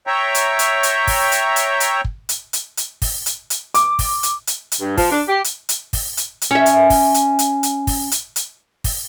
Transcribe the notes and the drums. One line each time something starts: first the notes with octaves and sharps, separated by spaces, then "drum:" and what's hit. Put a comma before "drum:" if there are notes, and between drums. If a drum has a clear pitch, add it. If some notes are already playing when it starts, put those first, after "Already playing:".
C#5 E5 G5 A#5
drum: hi-hat
drum: hi-hat
drum: hi-hat
drum: kick, open hi-hat
drum: hi-hat
drum: hi-hat
drum: hi-hat
drum: kick
drum: hi-hat
drum: hi-hat
drum: hi-hat
drum: kick, open hi-hat
drum: hi-hat
drum: hi-hat
D6, drum: hi-hat
drum: kick, open hi-hat
drum: hi-hat
drum: hi-hat
drum: hi-hat
G2
F3, drum: kick, open hi-hat
D4
G4
drum: hi-hat
drum: hi-hat
drum: kick, open hi-hat
drum: hi-hat
drum: hi-hat
C#4 E5
drum: hi-hat
drum: kick, open hi-hat
drum: hi-hat
drum: hi-hat
drum: hi-hat
drum: kick, open hi-hat
drum: hi-hat
drum: hi-hat
drum: kick, open hi-hat